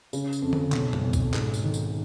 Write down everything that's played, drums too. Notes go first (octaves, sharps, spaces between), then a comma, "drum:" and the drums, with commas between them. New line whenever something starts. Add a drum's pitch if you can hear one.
C#3, drum: tambourine
drum: tambourine
F2
drum: tom D3
B1, drum: clap
drum: tom
B1
drum: kick, tambourine
G#2, drum: clap
drum: tambourine
D#3
drum: tambourine